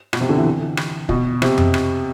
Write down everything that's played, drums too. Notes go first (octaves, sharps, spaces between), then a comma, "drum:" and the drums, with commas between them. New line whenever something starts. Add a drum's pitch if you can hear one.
B2, drum: rim click
C3
D3
E3
drum: rim click
B2, drum: kick
C3, drum: rim click
drum: tom F2
drum: rim click